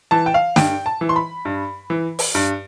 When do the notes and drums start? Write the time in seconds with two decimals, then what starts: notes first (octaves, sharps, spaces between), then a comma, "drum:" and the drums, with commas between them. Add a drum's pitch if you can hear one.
0.11 E3 A5
0.26 G5
0.34 F5
0.56 G2 G5, drum: snare
0.86 A5
1.01 E3
1.09 C6
1.16 B5
1.45 G2
1.90 E3
2.19 drum: open hi-hat
2.35 G2